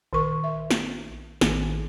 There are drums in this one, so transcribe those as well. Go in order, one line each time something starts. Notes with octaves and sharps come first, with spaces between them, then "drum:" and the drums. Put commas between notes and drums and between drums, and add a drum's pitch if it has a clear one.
A#1 D#3 A#4 C#6
E5
drum: snare
A1 D#3 G#4, drum: snare